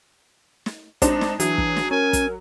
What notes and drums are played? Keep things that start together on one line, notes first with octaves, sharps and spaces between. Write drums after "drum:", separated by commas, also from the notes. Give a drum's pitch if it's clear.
drum: snare
G#3 C4 D4 D#4, drum: kick, hi-hat
drum: snare
E3 F#3 D4 G#4, drum: hi-hat
drum: kick
drum: snare
C#4 A#4 G#5
drum: kick, hi-hat